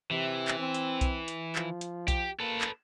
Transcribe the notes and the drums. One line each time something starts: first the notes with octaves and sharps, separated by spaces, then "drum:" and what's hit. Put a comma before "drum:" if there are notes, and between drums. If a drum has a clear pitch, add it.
C3 E3
drum: clap
C4
drum: hi-hat
drum: kick B1, hi-hat
drum: hi-hat
F3, drum: clap
drum: hi-hat
G4, drum: kick B1, hi-hat
A#3 A4 B4
drum: clap